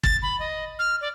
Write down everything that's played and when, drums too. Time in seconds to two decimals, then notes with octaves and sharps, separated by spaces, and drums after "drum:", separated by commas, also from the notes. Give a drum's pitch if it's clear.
0.03 A6, drum: kick
0.22 B5
0.40 D#5
0.79 F6
1.01 D5